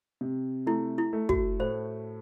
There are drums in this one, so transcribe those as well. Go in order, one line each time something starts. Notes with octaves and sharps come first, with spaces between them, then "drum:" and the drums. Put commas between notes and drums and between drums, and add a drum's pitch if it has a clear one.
C3
A3 E4
E4
A3
F#4, drum: kick
A2 C5